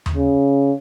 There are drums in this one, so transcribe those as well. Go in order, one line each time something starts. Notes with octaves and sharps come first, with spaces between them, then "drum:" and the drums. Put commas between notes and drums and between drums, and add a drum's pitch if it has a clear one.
drum: tom D#2
C#3